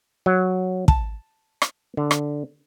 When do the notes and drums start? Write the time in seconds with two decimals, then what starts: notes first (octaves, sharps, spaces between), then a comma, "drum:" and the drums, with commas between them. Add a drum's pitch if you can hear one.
0.26 F#3
0.88 A5, drum: kick
1.62 drum: rim click
1.97 D3
2.11 drum: rim click